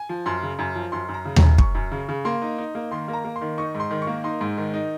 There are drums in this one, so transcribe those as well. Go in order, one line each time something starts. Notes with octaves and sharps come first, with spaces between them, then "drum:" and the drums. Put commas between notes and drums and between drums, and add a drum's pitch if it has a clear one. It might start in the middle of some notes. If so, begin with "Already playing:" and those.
Already playing: G#5
F3
F#2 C6
C#3
F#2
F3
F#2 C6
F#2
A#5
C#3
A#5, drum: tom D#2
F#2
F#2 C#6, drum: kick
F#2
C#3
C#3
A#3 C6
D#4
D#4
A#3
D#3 C6
A#3
A#5
A#3
C6
D#3
D#4 C#6
G#2
C6
D#3
C#6
A#3
D#4 C6
G#2
D#3
D#4